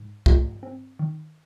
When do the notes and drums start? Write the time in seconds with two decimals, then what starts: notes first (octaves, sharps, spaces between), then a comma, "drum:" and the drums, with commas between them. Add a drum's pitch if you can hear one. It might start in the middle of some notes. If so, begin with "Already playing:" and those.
Already playing: G#2
0.26 A3 F4 G4, drum: kick
0.63 C4
0.99 D#3